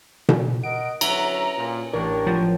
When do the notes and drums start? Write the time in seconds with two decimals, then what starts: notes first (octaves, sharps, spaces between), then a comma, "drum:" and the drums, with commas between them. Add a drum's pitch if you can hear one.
0.29 drum: tom B2
0.64 A#4 D#5 F#5 D7
1.01 D3 F#3 C#4 F#4 B4 E5 A#5, drum: cymbal
1.57 A#2
1.93 A1 D4 G4 A#4 C#5
2.27 F3 F#3 C4 A5